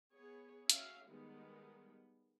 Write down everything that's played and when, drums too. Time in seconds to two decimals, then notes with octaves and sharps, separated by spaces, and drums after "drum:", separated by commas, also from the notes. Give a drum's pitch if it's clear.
0.13 B3 G#4 C#5
0.70 C#4 F#4 E5 F5, drum: hi-hat
1.10 D#3 G3 G#3 B3